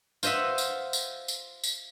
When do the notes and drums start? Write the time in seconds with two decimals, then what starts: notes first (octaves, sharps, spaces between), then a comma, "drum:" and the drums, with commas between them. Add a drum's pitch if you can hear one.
0.23 F4 C5 D#5 E5 F#5, drum: tambourine
0.58 drum: tambourine
0.93 drum: tambourine
1.28 drum: tambourine
1.64 drum: tambourine